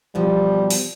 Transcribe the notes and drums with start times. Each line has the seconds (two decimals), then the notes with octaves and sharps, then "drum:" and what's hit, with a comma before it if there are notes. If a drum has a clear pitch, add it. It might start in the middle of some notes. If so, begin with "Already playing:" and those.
0.15 B2 F3 G3
0.70 drum: open hi-hat